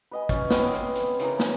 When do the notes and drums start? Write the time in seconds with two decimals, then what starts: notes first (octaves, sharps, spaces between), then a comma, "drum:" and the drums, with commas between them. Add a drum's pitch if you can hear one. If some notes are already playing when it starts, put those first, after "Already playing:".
0.11 B4 D#5 G#5
0.29 C#4, drum: kick, hi-hat
0.50 B3 C4 C5, drum: snare
0.73 drum: hi-hat
0.95 drum: hi-hat
1.19 C#3 E3 A#4, drum: hi-hat
1.39 drum: snare